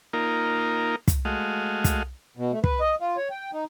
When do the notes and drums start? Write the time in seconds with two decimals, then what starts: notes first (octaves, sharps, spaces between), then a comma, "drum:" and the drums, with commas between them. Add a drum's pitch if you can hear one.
0.13 A#3 D#4 F4 A#4
1.08 drum: kick, hi-hat
1.25 G#3 A3 F#4 D#5 F5
1.84 drum: kick, hi-hat
2.37 B2
2.52 A3
2.64 B4, drum: kick
2.80 D#5
3.00 F4
3.17 C#5
3.31 G5
3.53 D#4